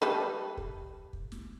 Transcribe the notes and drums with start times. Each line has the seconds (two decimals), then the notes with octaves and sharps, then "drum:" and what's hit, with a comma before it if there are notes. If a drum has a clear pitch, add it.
0.02 G3 A4 B4, drum: snare
0.57 drum: kick
1.13 drum: kick
1.32 drum: snare